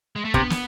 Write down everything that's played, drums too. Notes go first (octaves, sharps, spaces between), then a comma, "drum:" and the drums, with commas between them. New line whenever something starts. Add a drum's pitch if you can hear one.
G#3
A3
C3 B3, drum: kick
drum: snare